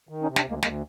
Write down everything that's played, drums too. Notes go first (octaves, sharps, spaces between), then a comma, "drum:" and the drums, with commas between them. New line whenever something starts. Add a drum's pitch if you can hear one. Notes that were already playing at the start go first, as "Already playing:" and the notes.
D#3
C#4 D#4
C3
C4 D4, drum: snare
D2 G#3 A#3
D2 G#3 A#3, drum: snare